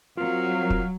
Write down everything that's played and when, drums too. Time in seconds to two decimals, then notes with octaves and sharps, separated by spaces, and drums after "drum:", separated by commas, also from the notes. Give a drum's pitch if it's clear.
0.17 F#3 C4 F4 A#4 F5
0.70 drum: kick